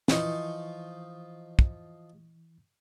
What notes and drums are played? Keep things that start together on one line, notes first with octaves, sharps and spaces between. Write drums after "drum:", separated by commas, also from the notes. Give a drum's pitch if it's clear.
E3 F3 D#4 F4 C#6, drum: snare
drum: kick